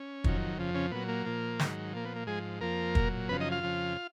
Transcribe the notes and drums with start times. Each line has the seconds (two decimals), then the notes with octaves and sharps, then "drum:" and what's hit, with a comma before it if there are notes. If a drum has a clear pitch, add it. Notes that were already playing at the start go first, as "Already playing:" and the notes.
Already playing: C#4
0.24 F2 D#3 F#3, drum: kick
0.58 F2 C#3 F3
0.75 C#3 C#4
0.91 A#2 F#3 B3
1.09 A#3
1.25 A#2 F3
1.59 G#2 D#3 F#3, drum: snare
1.93 A#2 F3 A#3
2.05 B3
2.16 A#3
2.27 G#2 F3 G#3 G#4
2.61 F2 F3 A#3 A#4
2.95 A#2 F#3, drum: kick
3.29 F#2 C#3 F3 B3 B4
3.41 D#4 D#5
3.52 F4 F5
3.63 F2 C#3 F3